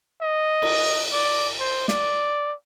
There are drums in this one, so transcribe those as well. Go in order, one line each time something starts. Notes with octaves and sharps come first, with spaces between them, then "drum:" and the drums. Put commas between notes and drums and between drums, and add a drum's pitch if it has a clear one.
D#5
drum: cymbal
D5
C5
D5, drum: snare